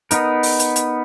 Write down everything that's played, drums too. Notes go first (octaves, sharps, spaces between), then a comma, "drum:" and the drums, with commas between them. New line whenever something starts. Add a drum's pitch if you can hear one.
B3 D#4 A#4, drum: hi-hat
drum: open hi-hat
drum: hi-hat
drum: hi-hat